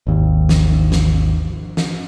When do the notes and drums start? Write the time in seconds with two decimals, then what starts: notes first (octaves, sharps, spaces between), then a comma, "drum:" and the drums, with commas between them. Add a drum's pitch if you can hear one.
0.07 G#1 D#2
0.49 drum: snare
0.92 drum: snare
1.77 drum: snare